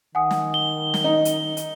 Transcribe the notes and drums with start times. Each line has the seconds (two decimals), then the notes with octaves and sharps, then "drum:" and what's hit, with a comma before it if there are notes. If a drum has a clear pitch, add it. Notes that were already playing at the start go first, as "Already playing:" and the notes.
0.15 D#3 F#5 G#5 D#6
0.31 drum: snare
0.54 G7
0.94 drum: snare
1.04 D#4
1.25 drum: hi-hat
1.57 drum: hi-hat